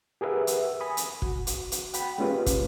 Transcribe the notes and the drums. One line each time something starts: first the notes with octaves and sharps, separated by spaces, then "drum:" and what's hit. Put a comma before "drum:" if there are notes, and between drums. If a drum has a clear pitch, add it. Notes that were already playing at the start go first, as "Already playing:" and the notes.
G4 G#4 A#4 B4 E5 F#5
drum: hi-hat
G#5 B5 D#6
drum: hi-hat
F#4, drum: kick
drum: hi-hat
drum: hi-hat
F#5 G5 B5, drum: hi-hat
G#3 A#3 C#4 F4 G4 B4
drum: kick, hi-hat